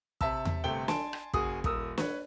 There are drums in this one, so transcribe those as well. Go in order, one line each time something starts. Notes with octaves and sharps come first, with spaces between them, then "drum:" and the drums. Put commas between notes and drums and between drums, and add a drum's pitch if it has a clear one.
C3 E5 A5 E6, drum: kick
drum: tom E2
G1 C3 A3 G5 G7
G#5 A5 C6 D7, drum: snare
drum: rim click
F#1 F#4 G#4 D#6, drum: kick
D#1 A#4 D#6 E6, drum: kick
B4 C#5, drum: snare